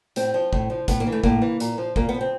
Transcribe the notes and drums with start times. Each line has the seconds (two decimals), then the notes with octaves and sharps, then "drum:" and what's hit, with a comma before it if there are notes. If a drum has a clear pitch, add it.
0.16 A2 C4, drum: hi-hat
0.34 F3
0.53 A2, drum: kick
0.70 F3
0.88 A2 B3, drum: kick, hi-hat
1.00 A#3
1.07 E3
1.12 A3
1.24 A2 A#3, drum: kick
1.42 E3
1.60 A#2, drum: hi-hat
1.78 F3
1.96 A#2 A#3, drum: kick
2.09 B3
2.14 F3
2.21 C4